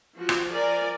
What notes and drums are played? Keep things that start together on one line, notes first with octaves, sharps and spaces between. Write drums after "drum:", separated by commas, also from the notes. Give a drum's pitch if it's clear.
F3 F#4
drum: rim click
F3 A#4 D5 G#5